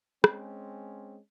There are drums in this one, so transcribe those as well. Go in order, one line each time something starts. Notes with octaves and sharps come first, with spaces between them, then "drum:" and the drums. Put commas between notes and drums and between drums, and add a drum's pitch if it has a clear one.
G#3 C4 C#4, drum: rim click